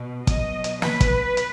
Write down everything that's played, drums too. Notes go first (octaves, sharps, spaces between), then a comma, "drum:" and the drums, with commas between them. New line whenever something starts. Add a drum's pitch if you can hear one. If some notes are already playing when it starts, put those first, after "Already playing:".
Already playing: B2
B2 F#3 D#5, drum: kick, hi-hat
drum: hi-hat
B4, drum: snare
drum: kick, hi-hat
drum: hi-hat